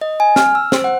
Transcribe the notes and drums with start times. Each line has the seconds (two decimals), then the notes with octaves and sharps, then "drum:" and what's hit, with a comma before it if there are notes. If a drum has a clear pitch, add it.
0.01 D#5
0.20 G#5
0.36 F6, drum: snare
0.55 E6
0.72 C5, drum: snare
0.84 F#5